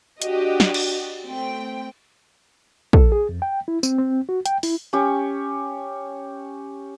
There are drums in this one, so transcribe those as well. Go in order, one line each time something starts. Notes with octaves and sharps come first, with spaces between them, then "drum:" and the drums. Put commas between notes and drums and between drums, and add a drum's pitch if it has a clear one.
D4 F#4 G4 D#5, drum: hi-hat
drum: snare
drum: cymbal
A3 C4 G5
A4, drum: kick
G#4
F2
G5
E4
C4, drum: tambourine
C4
F#4
G5, drum: hi-hat
E4, drum: open hi-hat
C#4 G4 C#5